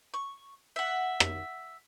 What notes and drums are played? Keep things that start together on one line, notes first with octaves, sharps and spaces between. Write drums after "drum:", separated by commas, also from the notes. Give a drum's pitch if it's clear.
C#6
E5 F#5
drum: rim click